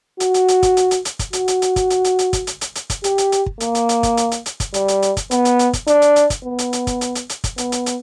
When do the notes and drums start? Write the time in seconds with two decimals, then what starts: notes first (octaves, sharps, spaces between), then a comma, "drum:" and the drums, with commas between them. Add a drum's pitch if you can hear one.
0.20 F#4, drum: hi-hat
0.34 drum: hi-hat
0.48 drum: hi-hat
0.63 drum: kick, hi-hat
0.77 drum: hi-hat
0.91 drum: hi-hat
1.05 drum: hi-hat
1.19 drum: kick, hi-hat
1.33 F#4, drum: hi-hat
1.48 drum: hi-hat
1.62 drum: hi-hat
1.76 drum: kick, hi-hat
1.90 drum: hi-hat
2.04 drum: hi-hat
2.19 drum: hi-hat
2.33 drum: kick, hi-hat
2.47 drum: hi-hat
2.61 drum: hi-hat
2.75 drum: hi-hat
2.90 drum: kick, hi-hat
3.04 G4, drum: hi-hat
3.18 drum: hi-hat
3.32 drum: hi-hat
3.46 drum: kick
3.60 A#3, drum: hi-hat
3.75 drum: hi-hat
3.89 drum: hi-hat
4.03 drum: kick, hi-hat
4.17 drum: hi-hat
4.32 drum: hi-hat
4.46 drum: hi-hat
4.60 drum: kick, hi-hat
4.74 G3, drum: hi-hat
4.88 drum: hi-hat
5.02 drum: hi-hat
5.17 drum: kick, hi-hat
5.31 B3, drum: hi-hat
5.45 drum: hi-hat
5.59 drum: hi-hat
5.73 drum: kick, hi-hat
5.87 D4, drum: hi-hat
6.02 drum: hi-hat
6.16 drum: hi-hat
6.30 drum: kick, hi-hat
6.44 B3
6.59 drum: hi-hat
6.73 drum: hi-hat
6.87 drum: kick, hi-hat
7.01 drum: hi-hat
7.15 drum: hi-hat
7.29 drum: hi-hat
7.44 drum: kick, hi-hat
7.58 B3, drum: hi-hat
7.72 drum: hi-hat
7.86 drum: hi-hat